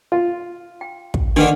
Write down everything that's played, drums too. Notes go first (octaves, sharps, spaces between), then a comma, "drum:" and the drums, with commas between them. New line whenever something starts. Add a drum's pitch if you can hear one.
F4
G5
drum: kick
D3 D#3 D4 B4